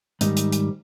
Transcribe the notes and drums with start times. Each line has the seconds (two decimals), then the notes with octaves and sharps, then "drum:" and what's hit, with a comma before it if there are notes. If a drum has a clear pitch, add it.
0.21 G#2 D#3 G3 D#4, drum: hi-hat
0.37 drum: hi-hat
0.52 drum: hi-hat